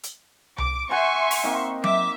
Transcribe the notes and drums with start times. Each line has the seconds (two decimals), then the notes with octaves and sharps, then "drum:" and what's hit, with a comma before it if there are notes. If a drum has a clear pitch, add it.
0.03 drum: hi-hat
0.58 D6, drum: tom C2
0.91 C5 E5 F#5 G#5 C6 C#6
1.31 drum: open hi-hat
1.44 A#3 C4 D#4
1.84 E5 D6, drum: tom F#3